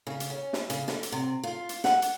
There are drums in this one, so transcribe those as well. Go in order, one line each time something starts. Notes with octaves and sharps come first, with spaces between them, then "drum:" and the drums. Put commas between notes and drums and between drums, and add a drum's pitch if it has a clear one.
C#3
drum: hi-hat
C#4
drum: snare
C#3, drum: hi-hat
D3, drum: snare
drum: hi-hat
C3
F4
drum: hi-hat
F#5, drum: snare
drum: hi-hat